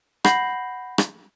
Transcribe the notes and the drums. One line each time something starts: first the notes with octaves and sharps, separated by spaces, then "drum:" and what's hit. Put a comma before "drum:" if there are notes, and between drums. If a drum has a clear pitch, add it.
F#5 B5 G6 A#6 C7 F#7, drum: rim click
drum: rim click